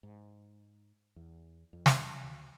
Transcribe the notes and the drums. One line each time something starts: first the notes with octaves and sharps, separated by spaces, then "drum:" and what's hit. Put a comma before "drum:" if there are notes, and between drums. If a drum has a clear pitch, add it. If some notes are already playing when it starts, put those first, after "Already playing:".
G#2
E2
F2
drum: snare
D2